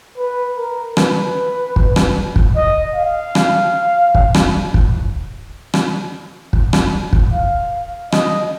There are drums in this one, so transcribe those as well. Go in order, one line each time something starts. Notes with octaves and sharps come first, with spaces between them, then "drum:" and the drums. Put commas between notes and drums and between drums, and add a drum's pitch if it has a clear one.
B4
A#4
B4, drum: rim click
drum: kick
drum: rim click
drum: kick
D#5
F5
drum: rim click
drum: kick
drum: rim click
drum: kick
drum: rim click
drum: kick
drum: rim click
drum: kick
F5
D#5, drum: rim click